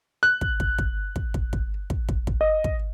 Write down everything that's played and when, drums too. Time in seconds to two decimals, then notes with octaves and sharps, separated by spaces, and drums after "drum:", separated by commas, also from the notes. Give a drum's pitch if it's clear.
0.23 F#6
0.41 drum: kick
0.60 drum: kick
0.78 drum: kick
1.16 drum: kick
1.34 drum: kick
1.53 drum: kick
1.90 drum: kick
2.09 drum: kick
2.27 drum: kick
2.41 D#5
2.64 drum: kick